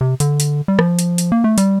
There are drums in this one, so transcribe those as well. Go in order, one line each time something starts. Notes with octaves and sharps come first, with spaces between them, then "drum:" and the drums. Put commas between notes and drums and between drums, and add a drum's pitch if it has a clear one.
C3
D3, drum: hi-hat
drum: hi-hat
G3
F3, drum: rim click
drum: hi-hat
drum: hi-hat
A#3
A3
G3, drum: hi-hat